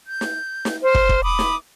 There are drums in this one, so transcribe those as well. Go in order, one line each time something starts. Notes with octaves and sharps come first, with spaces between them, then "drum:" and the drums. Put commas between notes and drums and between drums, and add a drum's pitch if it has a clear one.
G6
drum: snare
drum: snare
C5 F6
drum: kick
drum: kick
B5 D6 D#6
drum: snare